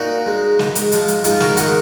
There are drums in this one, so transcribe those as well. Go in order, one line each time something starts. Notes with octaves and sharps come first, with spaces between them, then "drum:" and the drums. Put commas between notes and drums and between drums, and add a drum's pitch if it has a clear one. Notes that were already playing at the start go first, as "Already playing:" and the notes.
Already playing: A#2 D#4 F#4
G#3
G#2, drum: snare
drum: hi-hat
F3 G#3, drum: hi-hat
drum: hi-hat
G#2 F4 G#4, drum: hi-hat
F#4 A#4, drum: snare
D#3 G#3 D#5 F#5, drum: hi-hat